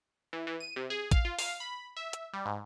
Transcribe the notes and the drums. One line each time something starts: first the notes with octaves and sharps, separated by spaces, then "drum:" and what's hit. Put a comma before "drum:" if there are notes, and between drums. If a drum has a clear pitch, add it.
E3
E3
D#7
C3
G#4
F5, drum: kick, hi-hat
F4
F5, drum: open hi-hat
B5
E5
drum: hi-hat
G3
G#2